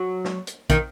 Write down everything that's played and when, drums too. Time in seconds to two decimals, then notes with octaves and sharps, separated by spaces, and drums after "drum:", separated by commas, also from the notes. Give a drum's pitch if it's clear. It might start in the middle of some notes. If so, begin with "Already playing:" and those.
Already playing: F#3
0.25 drum: snare
0.47 drum: hi-hat
0.70 D#3, drum: kick, hi-hat